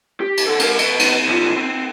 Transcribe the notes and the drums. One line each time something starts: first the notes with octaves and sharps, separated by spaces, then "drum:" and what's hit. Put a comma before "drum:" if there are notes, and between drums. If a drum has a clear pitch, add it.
G4
drum: cymbal
A4 F#5
C4 A#4, drum: cymbal
B4 D#5, drum: cymbal
drum: cymbal
B1 F4
C4